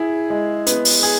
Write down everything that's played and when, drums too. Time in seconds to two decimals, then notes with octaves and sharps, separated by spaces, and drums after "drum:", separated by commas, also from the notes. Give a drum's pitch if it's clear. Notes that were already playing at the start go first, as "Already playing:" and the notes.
Already playing: E4 G#4
0.30 G#3
0.67 B3, drum: hi-hat
0.85 drum: open hi-hat
1.03 G#4